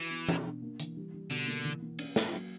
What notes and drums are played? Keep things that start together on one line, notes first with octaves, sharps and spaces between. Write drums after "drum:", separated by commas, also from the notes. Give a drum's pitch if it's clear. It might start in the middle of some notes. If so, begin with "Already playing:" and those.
Already playing: E3 F#4
B3
B2, drum: tom E3
D4
A#3
E3, drum: hi-hat
G3
G3
B2 D3
A#3
E3
A#3
C#4, drum: cymbal
A#3, drum: snare
F#3